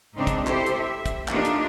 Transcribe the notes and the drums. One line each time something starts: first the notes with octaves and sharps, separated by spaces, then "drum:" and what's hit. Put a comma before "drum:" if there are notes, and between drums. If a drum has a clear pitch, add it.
G#2 C#3 C4 D4 D#4
drum: kick, hi-hat
C4 E4 G4 A4 C5, drum: clap
drum: hi-hat
E5
drum: kick, hi-hat
A3 A#3 D4 D#4 F4 G4, drum: clap
drum: hi-hat